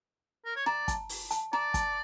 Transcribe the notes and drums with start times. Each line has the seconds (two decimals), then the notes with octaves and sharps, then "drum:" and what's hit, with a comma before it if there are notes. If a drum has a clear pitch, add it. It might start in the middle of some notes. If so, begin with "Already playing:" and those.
0.45 A#4
0.56 C#5
0.66 D5 A#5, drum: snare
0.88 A5, drum: kick, hi-hat
1.09 drum: open hi-hat
1.31 A5, drum: hi-hat
1.53 D5 A#5, drum: snare
1.74 A5, drum: kick, hi-hat